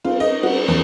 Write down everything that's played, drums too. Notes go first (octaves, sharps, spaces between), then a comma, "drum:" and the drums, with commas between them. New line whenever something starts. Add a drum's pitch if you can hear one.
F4, drum: cymbal
D#5
F#4, drum: cymbal
E2